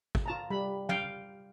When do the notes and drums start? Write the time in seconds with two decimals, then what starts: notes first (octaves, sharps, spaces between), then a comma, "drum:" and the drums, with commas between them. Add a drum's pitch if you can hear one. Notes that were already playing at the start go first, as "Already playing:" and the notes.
0.15 drum: kick
0.26 F4 A5 A#5
0.50 G3 B5
0.89 F5 G5, drum: tom